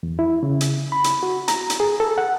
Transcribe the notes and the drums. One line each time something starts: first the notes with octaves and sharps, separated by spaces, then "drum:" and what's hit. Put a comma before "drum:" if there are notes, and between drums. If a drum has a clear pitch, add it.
E2
E4
C#3
drum: hi-hat
B5
drum: hi-hat
F#4
A#5, drum: hi-hat
drum: hi-hat
G#4
A4
F#5